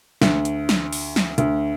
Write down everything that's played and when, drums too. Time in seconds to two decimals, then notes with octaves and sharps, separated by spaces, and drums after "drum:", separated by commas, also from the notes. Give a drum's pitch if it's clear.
0.22 D2, drum: snare
0.45 drum: hi-hat
0.69 drum: snare
0.93 drum: open hi-hat
1.16 drum: snare
1.38 D2, drum: hi-hat